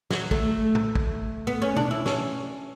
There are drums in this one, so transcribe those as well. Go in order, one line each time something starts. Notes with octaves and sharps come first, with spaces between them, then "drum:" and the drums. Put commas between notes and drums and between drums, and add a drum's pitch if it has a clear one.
F#3, drum: snare
A3, drum: kick
drum: tom A2
drum: kick
B3
C#4
D4, drum: tom B2
E4
C#4, drum: snare